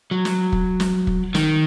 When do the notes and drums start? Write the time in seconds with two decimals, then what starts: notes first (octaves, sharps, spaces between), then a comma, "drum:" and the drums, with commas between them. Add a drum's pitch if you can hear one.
0.11 F#3
0.25 drum: snare
0.52 drum: kick
0.80 drum: snare
1.07 drum: kick
1.35 D#3, drum: snare